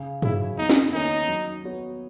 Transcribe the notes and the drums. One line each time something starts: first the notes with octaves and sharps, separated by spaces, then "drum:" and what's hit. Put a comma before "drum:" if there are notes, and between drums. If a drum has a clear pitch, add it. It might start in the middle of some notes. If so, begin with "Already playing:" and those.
Already playing: C#3
F#3 C#4 E4 G#4, drum: tom G2
E2 D#4
drum: snare
D#3 A#3 C#4 D#4
F#3
B3 F#4 C#5